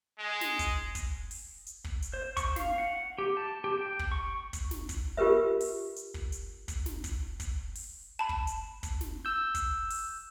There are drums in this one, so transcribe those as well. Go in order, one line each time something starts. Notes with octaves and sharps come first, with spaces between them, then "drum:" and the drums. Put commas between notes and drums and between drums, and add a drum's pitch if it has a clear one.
G#3
drum: snare
drum: kick, hi-hat
drum: kick, hi-hat
drum: open hi-hat
drum: hi-hat
drum: kick
drum: hi-hat
C5
C#6, drum: kick, hi-hat
F5, drum: snare
F#5
G4
A5
G4
G5
drum: kick
C#6
drum: kick, hi-hat
drum: snare
drum: kick, hi-hat
F4 G4 A#4 B4 E5
drum: open hi-hat
drum: hi-hat
drum: kick
drum: hi-hat
drum: kick, hi-hat
drum: snare
drum: kick, hi-hat
drum: kick, hi-hat
drum: open hi-hat
A5 B5
drum: kick
drum: hi-hat
drum: kick, hi-hat
drum: snare
E6 G6
drum: kick, hi-hat
drum: open hi-hat